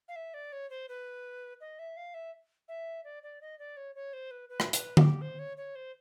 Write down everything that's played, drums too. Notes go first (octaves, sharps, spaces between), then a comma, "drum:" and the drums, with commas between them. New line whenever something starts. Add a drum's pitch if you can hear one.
F5
E5
D5
C#5
C5
B4
D#5
E5
F5
E5
E5
D5
D5
D#5
D5
C#5
C#5
C5
B4
B4
drum: rim click
B4, drum: hi-hat
G4, drum: tom D3
C5
C#5
C#5
C5